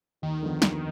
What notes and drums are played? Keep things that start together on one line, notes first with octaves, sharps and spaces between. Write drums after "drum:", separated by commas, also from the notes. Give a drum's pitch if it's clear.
D#2 D#3
D3 F3 B3
D#2, drum: snare